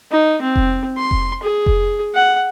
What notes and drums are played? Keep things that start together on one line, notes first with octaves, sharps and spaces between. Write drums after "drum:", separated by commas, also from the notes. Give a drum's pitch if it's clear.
D#4
C4
drum: kick F1
C6
drum: kick F1
G#4
drum: kick F1
F#5